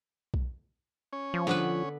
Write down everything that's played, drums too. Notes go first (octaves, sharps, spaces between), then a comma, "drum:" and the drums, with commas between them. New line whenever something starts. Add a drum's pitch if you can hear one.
drum: kick B1
C#4 C#5
F3
D3 B3 B4, drum: snare